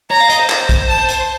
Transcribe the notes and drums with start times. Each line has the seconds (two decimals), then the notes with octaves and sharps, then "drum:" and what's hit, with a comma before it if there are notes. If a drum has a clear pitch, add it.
0.10 C#5 A#5
0.20 F5
0.30 D#5, drum: hi-hat
0.40 C5
0.50 drum: clap
0.69 drum: kick, hi-hat
0.89 A5
1.09 drum: hi-hat